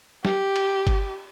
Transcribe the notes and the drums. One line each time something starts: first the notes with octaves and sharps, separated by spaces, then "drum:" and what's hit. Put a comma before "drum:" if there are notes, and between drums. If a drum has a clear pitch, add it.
G4, drum: snare
drum: cymbal
drum: kick G1, cymbal